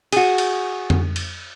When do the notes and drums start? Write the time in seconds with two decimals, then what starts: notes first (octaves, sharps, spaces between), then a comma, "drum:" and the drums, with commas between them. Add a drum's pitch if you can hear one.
0.12 F#4 G#4, drum: cymbal
0.38 drum: cymbal
0.90 drum: tom F2
1.16 drum: cymbal